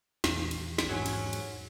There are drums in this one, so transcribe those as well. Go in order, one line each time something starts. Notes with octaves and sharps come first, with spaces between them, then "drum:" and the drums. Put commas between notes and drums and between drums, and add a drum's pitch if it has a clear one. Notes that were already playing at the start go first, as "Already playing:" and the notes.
A#1 E2, drum: snare
drum: cymbal
drum: snare
G#2 F#3 C#4
drum: cymbal
drum: cymbal